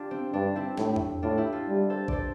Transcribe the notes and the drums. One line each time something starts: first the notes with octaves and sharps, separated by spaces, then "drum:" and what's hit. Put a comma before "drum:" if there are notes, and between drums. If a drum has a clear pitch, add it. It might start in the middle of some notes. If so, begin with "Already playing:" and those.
Already playing: D4 F4 G4
C4
G2 D4
C4 E4
A2, drum: snare
drum: tom E2
A2 D4 F4
E4 G4
F4 A4
G3
A4 C5
A4 C5 D5, drum: kick A#1